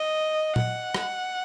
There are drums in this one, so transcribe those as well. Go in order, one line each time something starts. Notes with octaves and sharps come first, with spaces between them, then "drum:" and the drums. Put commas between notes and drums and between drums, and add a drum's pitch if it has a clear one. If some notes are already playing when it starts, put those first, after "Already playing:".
Already playing: D#5
F#5, drum: tom A#2
drum: rim click